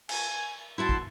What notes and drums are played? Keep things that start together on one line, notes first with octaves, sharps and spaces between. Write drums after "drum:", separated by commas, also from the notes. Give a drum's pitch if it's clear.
G#5, drum: cymbal
E4 F#4 A5 C6
drum: kick